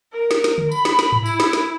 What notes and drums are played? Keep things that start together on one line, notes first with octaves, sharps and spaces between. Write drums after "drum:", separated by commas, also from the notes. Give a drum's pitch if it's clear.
A#4
drum: snare
drum: snare
drum: tom D3
B5, drum: tambourine
drum: snare
drum: snare
drum: tom G#2
E4, drum: tambourine
drum: snare
drum: snare